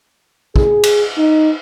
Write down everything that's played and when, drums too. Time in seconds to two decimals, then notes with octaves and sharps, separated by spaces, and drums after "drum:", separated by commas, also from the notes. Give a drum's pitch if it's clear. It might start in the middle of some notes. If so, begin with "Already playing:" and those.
0.56 G#4, drum: kick
0.83 drum: cymbal
1.18 D#4